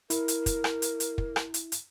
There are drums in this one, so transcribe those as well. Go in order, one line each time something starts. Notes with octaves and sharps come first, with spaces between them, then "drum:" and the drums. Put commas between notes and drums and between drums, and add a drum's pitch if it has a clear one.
E4 A#4, drum: hi-hat
drum: hi-hat
drum: kick, hi-hat
drum: rim click
drum: hi-hat
drum: hi-hat
drum: kick
drum: rim click
drum: hi-hat
drum: hi-hat